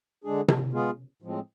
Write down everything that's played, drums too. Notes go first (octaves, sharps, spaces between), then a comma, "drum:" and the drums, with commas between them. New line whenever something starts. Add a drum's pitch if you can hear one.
D3 G#3 D4 G#4
drum: tom C3
G#3 B3 F4 G#4
A2 F3 G#3 C4